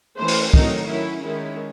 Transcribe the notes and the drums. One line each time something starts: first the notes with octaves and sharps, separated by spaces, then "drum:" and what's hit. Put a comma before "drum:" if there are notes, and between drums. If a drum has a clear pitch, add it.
E3 A3 C#4 C5
drum: open hi-hat
D#3 F#3 A3 C4 D#4, drum: kick
F#3 C#4 E4
D#3 G#3 C#4 E4